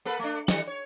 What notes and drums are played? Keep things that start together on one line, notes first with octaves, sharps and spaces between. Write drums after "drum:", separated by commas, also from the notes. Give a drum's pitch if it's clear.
A#3 A4 B4
A3 D4
D#3 G3 A3, drum: snare
C#5